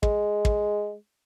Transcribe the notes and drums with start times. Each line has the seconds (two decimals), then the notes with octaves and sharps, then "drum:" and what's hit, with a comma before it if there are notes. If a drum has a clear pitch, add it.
0.03 G#3, drum: kick
0.45 drum: kick